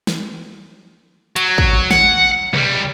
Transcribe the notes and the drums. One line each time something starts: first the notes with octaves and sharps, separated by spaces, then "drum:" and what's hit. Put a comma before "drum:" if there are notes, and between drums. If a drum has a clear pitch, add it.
drum: snare
F#3, drum: hi-hat
drum: kick
F#5, drum: snare
C#2 G3, drum: tom B2